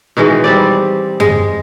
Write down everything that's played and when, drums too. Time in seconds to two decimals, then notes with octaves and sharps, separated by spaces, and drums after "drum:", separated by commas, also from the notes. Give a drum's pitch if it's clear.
0.17 B2 D#3 E3 G#3
0.44 G3 C4 D5
1.20 G#3, drum: tom F#2